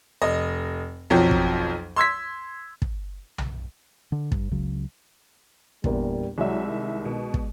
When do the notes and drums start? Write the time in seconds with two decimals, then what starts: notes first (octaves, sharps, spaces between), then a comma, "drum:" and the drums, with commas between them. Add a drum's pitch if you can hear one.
0.22 F1 D#5
1.10 B1 F2 F3 F#3 G5
1.31 drum: kick
1.96 C6 E6 G#6 B6
2.82 drum: kick
3.38 drum: tom B1
4.12 D3
4.32 G2, drum: kick
4.51 C#2 C#3 F#3
5.84 A#1 E2 G3 A#4, drum: kick
6.38 C2 F#3 G#3 D5 E5
6.67 D#3
7.05 B2
7.34 drum: kick